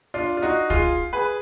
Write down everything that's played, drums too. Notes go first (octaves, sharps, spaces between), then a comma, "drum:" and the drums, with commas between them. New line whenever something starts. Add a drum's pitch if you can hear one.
D4 F4
F4
D#4 F#4
F4 G#4, drum: kick
G#4 B4